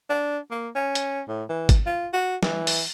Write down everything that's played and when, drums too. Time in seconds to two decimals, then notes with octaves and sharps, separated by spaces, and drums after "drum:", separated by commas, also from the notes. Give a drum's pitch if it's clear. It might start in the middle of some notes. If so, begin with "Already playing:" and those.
0.09 D4
0.51 A#3
0.75 C#4
0.95 drum: hi-hat
1.28 A2
1.49 E3
1.69 drum: kick G#1, hi-hat
1.86 F4
2.13 F#4
2.43 E3, drum: snare
2.67 drum: open hi-hat